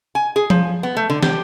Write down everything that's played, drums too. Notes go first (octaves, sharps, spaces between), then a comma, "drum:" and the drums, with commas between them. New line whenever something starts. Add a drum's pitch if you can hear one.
G#5
G#4
F3, drum: tom F3
B3
A3
D3
G4, drum: snare